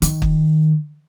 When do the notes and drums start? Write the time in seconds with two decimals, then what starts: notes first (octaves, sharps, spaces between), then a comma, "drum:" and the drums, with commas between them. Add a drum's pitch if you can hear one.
0.02 D#3, drum: hi-hat
0.22 drum: kick